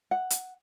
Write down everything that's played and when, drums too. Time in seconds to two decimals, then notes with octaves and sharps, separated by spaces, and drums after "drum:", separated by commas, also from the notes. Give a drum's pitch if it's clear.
0.11 F#5
0.30 drum: hi-hat